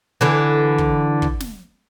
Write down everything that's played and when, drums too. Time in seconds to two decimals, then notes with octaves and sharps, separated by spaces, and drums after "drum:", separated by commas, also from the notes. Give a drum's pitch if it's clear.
0.21 D3 E3
0.78 drum: kick
1.22 drum: kick
1.40 drum: snare